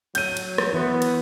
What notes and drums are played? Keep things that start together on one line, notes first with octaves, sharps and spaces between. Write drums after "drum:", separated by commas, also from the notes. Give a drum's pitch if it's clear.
F#3 G6 D#7, drum: cymbal
drum: cymbal
drum: rim click
E3 B3 E4
drum: cymbal